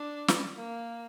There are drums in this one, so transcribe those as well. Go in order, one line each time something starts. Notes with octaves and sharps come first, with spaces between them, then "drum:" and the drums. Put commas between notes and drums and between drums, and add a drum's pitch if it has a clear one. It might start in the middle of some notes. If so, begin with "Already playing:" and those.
Already playing: D4
drum: snare
A#3